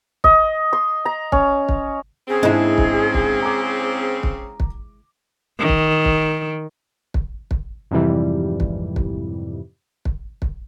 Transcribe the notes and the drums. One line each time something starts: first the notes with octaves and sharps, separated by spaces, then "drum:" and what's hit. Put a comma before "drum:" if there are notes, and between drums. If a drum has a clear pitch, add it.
D#5, drum: kick
C6
A#5
C#4, drum: kick
drum: kick
C#3 C4 G#4
G#2 G#3 D4 E4
drum: kick
drum: kick
A#5 D6
drum: kick
drum: kick
D#3
drum: kick
drum: kick
drum: kick
drum: kick
F2 G#2 C3 E3 G3
drum: kick
drum: kick
drum: kick
drum: kick